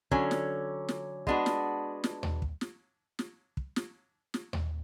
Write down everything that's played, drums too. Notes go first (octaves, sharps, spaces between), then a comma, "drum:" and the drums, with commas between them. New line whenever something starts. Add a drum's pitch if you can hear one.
D3 F#3 C#4, drum: kick
drum: snare
drum: snare
G#3 B3 D4 F#4, drum: kick
drum: snare
drum: snare
drum: tom D#2
drum: kick
drum: snare
drum: snare
drum: kick
drum: snare
drum: snare
drum: tom D#2